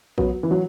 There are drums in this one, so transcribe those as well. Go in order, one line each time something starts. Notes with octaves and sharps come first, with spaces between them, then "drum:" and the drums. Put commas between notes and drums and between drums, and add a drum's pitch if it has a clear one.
F#3 B3, drum: kick A#1
E3
F#3